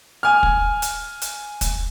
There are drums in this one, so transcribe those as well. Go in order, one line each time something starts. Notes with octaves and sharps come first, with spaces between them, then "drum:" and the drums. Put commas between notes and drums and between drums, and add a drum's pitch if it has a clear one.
G#5 F6
drum: kick
drum: hi-hat
drum: hi-hat
drum: kick, hi-hat